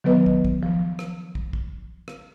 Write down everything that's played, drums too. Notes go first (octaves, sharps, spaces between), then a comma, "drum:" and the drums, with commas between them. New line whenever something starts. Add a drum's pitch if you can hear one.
D#3 F#3 B3 B4 D#5
drum: kick
drum: kick
F3
drum: rim click
drum: kick
drum: kick
drum: rim click